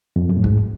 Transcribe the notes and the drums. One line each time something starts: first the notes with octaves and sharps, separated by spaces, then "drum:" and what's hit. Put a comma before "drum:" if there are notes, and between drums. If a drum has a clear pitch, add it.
F2
F#2
A2
G#2, drum: kick